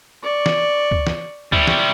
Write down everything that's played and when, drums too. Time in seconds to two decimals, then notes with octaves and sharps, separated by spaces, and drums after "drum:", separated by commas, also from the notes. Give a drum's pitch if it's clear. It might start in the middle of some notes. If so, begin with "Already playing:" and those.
0.23 D5 C#6
0.46 drum: snare
0.91 drum: kick C#2
1.07 drum: snare
1.52 G3 E4, drum: kick C#2
1.67 drum: snare